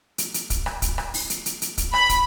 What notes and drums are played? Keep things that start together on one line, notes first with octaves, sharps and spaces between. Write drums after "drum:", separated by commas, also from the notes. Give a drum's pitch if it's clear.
drum: hi-hat
drum: hi-hat
drum: kick, hi-hat
drum: rim click
drum: kick, hi-hat
drum: rim click
drum: open hi-hat
drum: hi-hat
drum: hi-hat
drum: hi-hat
drum: kick, hi-hat
B5, drum: rim click
drum: kick, hi-hat